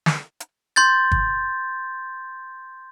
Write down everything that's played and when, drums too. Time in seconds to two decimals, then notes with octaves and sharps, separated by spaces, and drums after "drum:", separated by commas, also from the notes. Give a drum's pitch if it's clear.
0.06 drum: snare
0.40 drum: hi-hat
0.76 C6 G6 A6
1.12 drum: kick